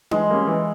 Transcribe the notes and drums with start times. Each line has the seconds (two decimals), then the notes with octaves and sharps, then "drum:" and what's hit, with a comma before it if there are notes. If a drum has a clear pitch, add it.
0.11 E3 G#3, drum: tom D4
0.30 G3 A#3 C#4
0.47 E3